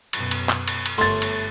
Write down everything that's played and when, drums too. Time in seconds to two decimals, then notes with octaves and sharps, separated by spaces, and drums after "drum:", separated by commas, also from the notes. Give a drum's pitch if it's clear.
0.13 F#2 B2, drum: cymbal
0.31 drum: cymbal
0.49 drum: clap
0.68 drum: cymbal
0.86 drum: cymbal
0.98 G1 A3 C#5 C6 A6
1.22 drum: cymbal